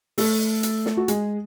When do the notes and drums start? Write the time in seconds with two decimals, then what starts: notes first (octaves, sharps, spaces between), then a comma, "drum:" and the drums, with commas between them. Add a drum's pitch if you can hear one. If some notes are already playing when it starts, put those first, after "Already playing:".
0.18 A3 A4, drum: open hi-hat
0.63 drum: hi-hat
0.86 drum: snare
0.97 F#4
1.08 G#3 G#4, drum: hi-hat